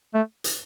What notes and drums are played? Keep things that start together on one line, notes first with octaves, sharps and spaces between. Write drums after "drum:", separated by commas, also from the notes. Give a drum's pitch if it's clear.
A3
drum: hi-hat